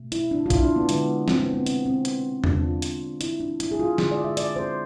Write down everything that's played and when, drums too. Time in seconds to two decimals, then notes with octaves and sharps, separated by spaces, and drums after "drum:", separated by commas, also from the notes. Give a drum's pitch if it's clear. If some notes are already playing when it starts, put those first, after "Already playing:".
Already playing: B2 A3
0.12 E4, drum: hi-hat
0.31 D4
0.46 F4
0.50 E4, drum: kick A#1, hi-hat
0.63 D4
0.76 B3
0.89 D3 G#3 B3, drum: hi-hat
1.28 C4, drum: snare
1.40 B3
1.53 B3
1.66 C4, drum: hi-hat
1.86 C4
2.05 drum: hi-hat
2.44 D3 G#3 D4, drum: tom E2
2.63 F4
2.82 drum: hi-hat
3.21 E4, drum: hi-hat
3.40 D4
3.60 E4, drum: hi-hat
3.71 G#4
3.79 F4
3.98 D3 G#3 G#4, drum: snare
4.11 D5
4.24 E5
4.37 D5, drum: hi-hat
4.56 C5